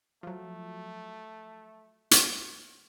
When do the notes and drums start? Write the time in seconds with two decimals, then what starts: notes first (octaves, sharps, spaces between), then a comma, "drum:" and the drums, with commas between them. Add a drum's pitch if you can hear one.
0.23 F3 F#3 A3
2.11 drum: hi-hat